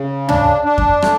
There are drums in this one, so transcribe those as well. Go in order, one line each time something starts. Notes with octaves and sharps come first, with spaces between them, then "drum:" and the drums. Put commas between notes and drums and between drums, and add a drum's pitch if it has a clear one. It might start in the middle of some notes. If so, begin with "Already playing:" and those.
Already playing: C#3
D4, drum: tom
D4
drum: kick F2
A3, drum: rim click